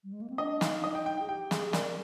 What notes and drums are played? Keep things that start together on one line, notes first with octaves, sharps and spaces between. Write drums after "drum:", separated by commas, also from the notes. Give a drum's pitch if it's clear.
G3
G#3
A#3
C4
D4 D#5
D#4 F5, drum: snare
D#5
G5
G5
G5
G#4
G4 G5
G#4, drum: snare
A#4 D5, drum: snare